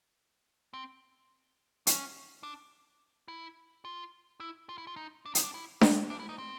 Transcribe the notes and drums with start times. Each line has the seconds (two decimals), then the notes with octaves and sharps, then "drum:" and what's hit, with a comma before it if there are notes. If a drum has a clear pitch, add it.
0.74 C4
1.87 C#4, drum: hi-hat
2.43 D4
3.28 E4
3.85 F4
4.40 E4
4.69 F4
4.78 E4
4.87 F4
4.96 D#4
5.26 D4
5.35 D#4, drum: hi-hat
5.43 D4
5.54 E4
5.81 D#4, drum: snare D4
6.10 D4
6.20 E4
6.29 D#4
6.38 C4